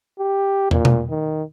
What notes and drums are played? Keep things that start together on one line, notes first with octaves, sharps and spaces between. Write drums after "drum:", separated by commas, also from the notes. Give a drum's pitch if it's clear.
G4
A#2, drum: tom
drum: tom B2
D#3